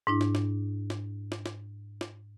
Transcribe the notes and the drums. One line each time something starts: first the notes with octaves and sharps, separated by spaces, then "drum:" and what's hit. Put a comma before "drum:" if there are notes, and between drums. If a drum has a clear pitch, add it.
G#2 D4 E4
drum: snare
drum: snare
drum: snare
drum: snare
drum: snare
drum: snare